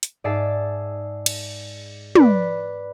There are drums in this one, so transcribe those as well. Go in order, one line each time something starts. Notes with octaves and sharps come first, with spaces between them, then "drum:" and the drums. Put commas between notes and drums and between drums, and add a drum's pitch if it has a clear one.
drum: hi-hat
G#2 G#4 D5 E5 A5 C7
drum: cymbal
B4 D5, drum: tom